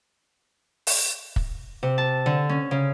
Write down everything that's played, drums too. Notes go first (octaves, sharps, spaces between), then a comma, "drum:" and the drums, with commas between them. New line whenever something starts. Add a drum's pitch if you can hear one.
drum: open hi-hat
drum: kick
C3
A5
D3
C#4
C#3